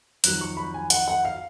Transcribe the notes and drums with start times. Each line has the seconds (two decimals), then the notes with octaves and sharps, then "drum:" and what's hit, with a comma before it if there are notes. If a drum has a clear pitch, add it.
0.24 F2 D#3 F#3 F#6, drum: hi-hat
0.41 C#6
0.57 B5
0.74 G#5
0.90 F#5, drum: hi-hat
1.08 F#5
1.25 F5